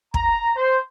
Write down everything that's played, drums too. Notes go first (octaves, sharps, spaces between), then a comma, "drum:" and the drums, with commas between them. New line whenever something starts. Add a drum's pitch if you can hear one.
A#5, drum: kick
C5